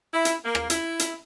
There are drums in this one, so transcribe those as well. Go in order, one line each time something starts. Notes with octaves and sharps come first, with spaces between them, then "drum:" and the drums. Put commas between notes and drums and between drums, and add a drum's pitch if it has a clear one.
E4
drum: hi-hat
A#3
drum: rim click
E4, drum: hi-hat
drum: hi-hat